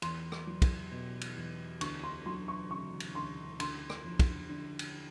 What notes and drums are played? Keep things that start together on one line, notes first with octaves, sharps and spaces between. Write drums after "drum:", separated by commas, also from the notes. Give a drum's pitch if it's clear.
E2 C6, drum: cymbal
drum: rim click
F#3
drum: kick, cymbal
B2
drum: cymbal
E2
D2 C#6, drum: cymbal
C6
F#3 C6
C#6
C#3 C#6
drum: cymbal
D2 C6
D2 C6, drum: cymbal
drum: rim click
F3
drum: kick, cymbal
D3
drum: cymbal